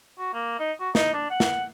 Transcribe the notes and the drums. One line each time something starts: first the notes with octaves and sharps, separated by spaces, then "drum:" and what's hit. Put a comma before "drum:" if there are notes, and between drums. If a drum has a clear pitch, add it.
F#4
A#3
D#4
F#4
D#4, drum: snare
D4
F#5
drum: snare